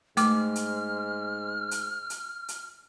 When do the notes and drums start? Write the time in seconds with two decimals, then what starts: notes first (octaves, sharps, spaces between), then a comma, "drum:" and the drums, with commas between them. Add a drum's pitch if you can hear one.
0.17 G#2 A3 D6 F6, drum: hi-hat
0.56 drum: hi-hat
1.71 drum: hi-hat
2.10 drum: hi-hat
2.48 drum: hi-hat